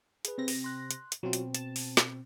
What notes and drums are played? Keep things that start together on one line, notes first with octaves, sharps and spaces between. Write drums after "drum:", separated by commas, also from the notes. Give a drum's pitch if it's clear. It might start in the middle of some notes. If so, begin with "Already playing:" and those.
G#4 B4, drum: hi-hat
C3 C4 A#6
drum: open hi-hat
C6 F#6
drum: hi-hat
drum: hi-hat
B2 F#3 C4 F4
drum: hi-hat
A5, drum: hi-hat
drum: open hi-hat
drum: snare